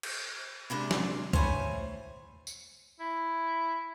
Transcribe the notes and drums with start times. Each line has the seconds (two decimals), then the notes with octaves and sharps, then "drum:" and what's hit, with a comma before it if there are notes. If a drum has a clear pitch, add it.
0.03 drum: cymbal
0.70 C3 G#3 D4 B5
0.91 drum: snare
1.33 A2 C5 C#5 G#5 B5, drum: kick C2
2.47 drum: tambourine
3.00 E4